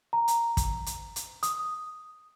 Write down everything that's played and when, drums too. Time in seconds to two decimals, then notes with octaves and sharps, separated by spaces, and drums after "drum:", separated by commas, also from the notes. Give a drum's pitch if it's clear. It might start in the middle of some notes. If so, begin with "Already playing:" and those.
0.13 A#5
0.28 drum: hi-hat
0.57 drum: kick, hi-hat
0.86 drum: hi-hat
1.16 drum: hi-hat
1.43 D#6, drum: hi-hat